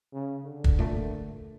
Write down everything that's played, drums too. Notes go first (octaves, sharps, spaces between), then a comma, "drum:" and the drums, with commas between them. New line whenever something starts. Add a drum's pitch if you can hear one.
C#3
D3
drum: kick
A#2 A3